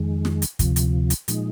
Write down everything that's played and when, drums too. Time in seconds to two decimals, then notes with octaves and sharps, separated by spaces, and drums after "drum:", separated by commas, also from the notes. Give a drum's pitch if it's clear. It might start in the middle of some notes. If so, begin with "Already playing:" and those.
Already playing: F2 D#3 G#3
0.25 drum: snare
0.42 drum: hi-hat
0.59 D2 C3 F3, drum: kick, hi-hat
0.76 drum: hi-hat
1.10 drum: hi-hat
1.28 A#2 F3 G#3 D#4, drum: hi-hat